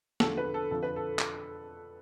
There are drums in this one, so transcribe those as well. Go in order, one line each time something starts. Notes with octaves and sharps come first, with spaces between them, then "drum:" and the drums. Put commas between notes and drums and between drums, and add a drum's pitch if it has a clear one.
E2 D3 F3 A4, drum: snare
B4
A4
F2 D3 F3 A4
B4
A4
drum: clap